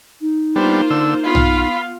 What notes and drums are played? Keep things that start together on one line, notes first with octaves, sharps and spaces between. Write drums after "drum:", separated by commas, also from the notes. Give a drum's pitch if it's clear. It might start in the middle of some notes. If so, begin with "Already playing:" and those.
D#4
G3 A#3 B3 D4 F4 C5
D3 E6
B3 F4 F5 B5
drum: tom